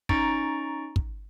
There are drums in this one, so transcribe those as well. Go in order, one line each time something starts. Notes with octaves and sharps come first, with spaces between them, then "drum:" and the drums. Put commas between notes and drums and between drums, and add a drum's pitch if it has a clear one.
C#4 D#4 A#5 C#6 A6 D7, drum: kick
drum: kick